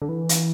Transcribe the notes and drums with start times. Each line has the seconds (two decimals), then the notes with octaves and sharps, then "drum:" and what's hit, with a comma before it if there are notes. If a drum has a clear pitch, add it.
0.02 D3
0.09 E3
0.29 drum: hi-hat